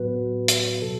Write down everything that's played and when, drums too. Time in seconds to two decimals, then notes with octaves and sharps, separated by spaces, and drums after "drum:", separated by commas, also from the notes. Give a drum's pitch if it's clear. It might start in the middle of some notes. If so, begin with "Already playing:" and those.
Already playing: A2 F#3 B3 F#4 B4
0.48 drum: hi-hat
0.82 B2 F#3 A4